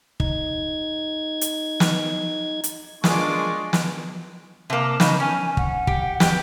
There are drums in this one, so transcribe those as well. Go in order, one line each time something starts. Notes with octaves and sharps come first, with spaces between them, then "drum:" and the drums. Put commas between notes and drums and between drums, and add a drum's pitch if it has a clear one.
D#4 G#6, drum: kick
drum: hi-hat
drum: snare
drum: hi-hat
G#3 A#3 D4 F4 G#4 C#6 D6, drum: snare
drum: snare
C3 A#3 A5
C#3 D#4, drum: snare
C#4 G#5
F#5, drum: kick
G4, drum: kick
G4 G5, drum: snare